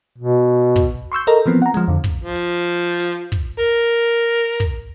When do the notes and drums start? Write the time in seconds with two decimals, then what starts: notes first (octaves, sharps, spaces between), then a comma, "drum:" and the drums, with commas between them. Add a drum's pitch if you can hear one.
0.18 B2
0.76 drum: kick, hi-hat
1.12 C6 C#6 E6 G6
1.27 A4 A#4 D#5 A#5
1.46 E3 F3 B3 C4
1.62 F#5 A#5
1.74 F3 G#3, drum: hi-hat
1.88 F2 D3
2.04 drum: kick, hi-hat
2.23 F3
2.36 drum: hi-hat
3.00 drum: hi-hat
3.32 drum: kick
3.59 A#4
4.60 drum: kick, hi-hat